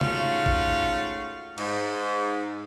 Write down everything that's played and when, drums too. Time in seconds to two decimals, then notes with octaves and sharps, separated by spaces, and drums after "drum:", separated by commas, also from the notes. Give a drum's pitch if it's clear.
0.01 G#2 A3 C#4 F4 F#4 F5, drum: tom C3
0.46 drum: kick
1.58 G#2, drum: cymbal